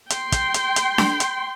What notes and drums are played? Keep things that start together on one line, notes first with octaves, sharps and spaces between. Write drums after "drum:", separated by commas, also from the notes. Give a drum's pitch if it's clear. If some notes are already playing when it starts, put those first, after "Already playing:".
G5 C6, drum: hi-hat
drum: kick, hi-hat
drum: hi-hat
drum: hi-hat
drum: snare D4
drum: hi-hat